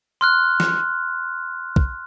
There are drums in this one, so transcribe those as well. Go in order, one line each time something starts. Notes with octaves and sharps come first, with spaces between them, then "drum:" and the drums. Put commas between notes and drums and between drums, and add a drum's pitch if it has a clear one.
C6 F6 F#6
drum: snare
drum: kick